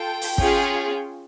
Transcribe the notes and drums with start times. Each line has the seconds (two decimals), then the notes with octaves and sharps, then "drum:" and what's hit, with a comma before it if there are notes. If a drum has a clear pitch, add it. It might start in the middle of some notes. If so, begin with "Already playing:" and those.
Already playing: F4 A4 G5
0.22 drum: open hi-hat
0.38 C#4 F4 G#4, drum: kick